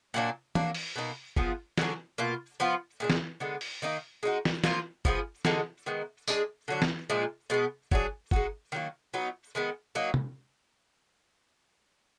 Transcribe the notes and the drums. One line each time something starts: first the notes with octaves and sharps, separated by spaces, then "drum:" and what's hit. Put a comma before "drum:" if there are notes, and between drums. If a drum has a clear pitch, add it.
A#2 F#3 A#3 D4
F#3 A#3 D4, drum: tom
drum: open hi-hat
B2 A#3 D#4
F3 B3 F4 G#4, drum: kick
D3 F#3 D4 G#4, drum: snare
B2 A#3 F4
F3 B3 F4
A#2 G#3 D4
drum: snare
D3 G#3 B3
drum: open hi-hat
D#3 A#3 D#4
G#3 D#4 F#4
drum: snare
F3 A#3 F4, drum: snare
F3 B3 F4 G#4, drum: kick
D3 G#3 D#4 F#4, drum: snare
D#3 G#3 B3
G#3 D4 G#4, drum: tambourine
D3 F#3 D4
drum: snare
A#2 F3 G#3 D4
B2 G#3 B3
F#3 D4 G#4, drum: kick
G#3 D#4 F#4, drum: kick
D#3 F#3 A#3
F#3 B3 D#4
D#3 G#3 B3
F#3 A#3 D#4
drum: tom